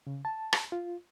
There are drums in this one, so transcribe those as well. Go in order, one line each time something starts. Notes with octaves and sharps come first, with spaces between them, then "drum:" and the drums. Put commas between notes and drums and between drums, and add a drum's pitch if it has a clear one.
C#3
A5
drum: rim click
F4